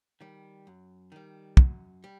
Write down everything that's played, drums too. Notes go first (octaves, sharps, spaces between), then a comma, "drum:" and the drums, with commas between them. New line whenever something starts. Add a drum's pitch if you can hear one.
D#3 G3
F#2
D#3 G3
F#2, drum: kick
G3